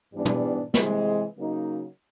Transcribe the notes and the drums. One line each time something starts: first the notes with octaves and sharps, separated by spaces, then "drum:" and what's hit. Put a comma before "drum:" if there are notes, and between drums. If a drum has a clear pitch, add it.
G#2 E3 G3 B3 D4
drum: tom
C3 E3 G#3, drum: snare
C#3 F#3 A#3 D#4